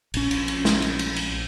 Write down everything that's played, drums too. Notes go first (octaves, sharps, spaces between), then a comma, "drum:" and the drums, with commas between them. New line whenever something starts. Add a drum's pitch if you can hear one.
A#1 C#4, drum: cymbal
drum: cymbal
drum: cymbal
drum: snare
drum: cymbal
drum: cymbal
drum: cymbal